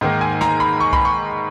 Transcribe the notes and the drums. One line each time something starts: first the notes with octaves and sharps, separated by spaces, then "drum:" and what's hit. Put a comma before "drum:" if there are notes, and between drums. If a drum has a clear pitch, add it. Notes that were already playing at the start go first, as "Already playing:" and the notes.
G#2 D#3 A#3
G#5
A#5, drum: snare
B5
C#6
B5, drum: kick B1
C#6